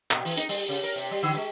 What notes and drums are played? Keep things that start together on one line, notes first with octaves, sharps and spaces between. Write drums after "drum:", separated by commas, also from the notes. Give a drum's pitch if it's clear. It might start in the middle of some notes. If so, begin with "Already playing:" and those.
A#2, drum: clap
E3, drum: open hi-hat
D#4, drum: hi-hat
G3, drum: open hi-hat
C#3
A#4
C3
G3
D3
G#3